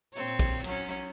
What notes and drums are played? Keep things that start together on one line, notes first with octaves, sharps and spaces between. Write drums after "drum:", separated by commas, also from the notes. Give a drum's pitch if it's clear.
A#2 C4 C#5
drum: kick, cymbal
F#3 C#4, drum: cymbal